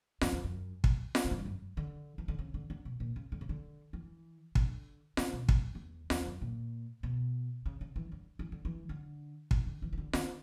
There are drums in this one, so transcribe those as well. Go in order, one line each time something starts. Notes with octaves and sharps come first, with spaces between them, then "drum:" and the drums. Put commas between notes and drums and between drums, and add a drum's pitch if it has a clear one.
F#2, drum: snare F4
E2
F#2
drum: kick
drum: snare F4
B2
A#2
G2
F#2
D3
E3
D3
C#3
D3
D3
B2
A#2
C#3
D3
C#3
D3
E3
D3, drum: kick
C#3, drum: snare F4
B2
E2, drum: kick
E2
E2, drum: snare F4
F#2
A#2
B2
C#3
C#3
E3
D3
E3
D3
E3
D3
E2, drum: kick
D3
E3
E3
D3
D3, drum: snare F4